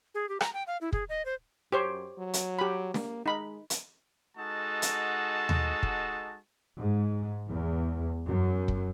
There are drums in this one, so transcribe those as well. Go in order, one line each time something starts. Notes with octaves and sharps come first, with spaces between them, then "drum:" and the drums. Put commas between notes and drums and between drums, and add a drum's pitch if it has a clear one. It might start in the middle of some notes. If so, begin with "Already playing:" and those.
G#4
G4
A#5, drum: rim click
G5
F5
E4
G#4, drum: kick
D#5
C5
F#2 G4 C5 C#5
F#3
drum: hi-hat
G4 B5
A#3, drum: snare
G#3 D#4 B5
drum: hi-hat
G#3 D#4 F#4 A4 F#5 A5
drum: hi-hat
drum: tom D#2
drum: kick
G#2
E2
F#2
drum: kick